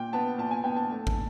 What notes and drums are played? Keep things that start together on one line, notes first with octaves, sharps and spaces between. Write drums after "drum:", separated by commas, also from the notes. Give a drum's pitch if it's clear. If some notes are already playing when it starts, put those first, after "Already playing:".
Already playing: A#2 G5
B3 A5
A#2 A5
G#5
B3 G5
A5
A3
drum: kick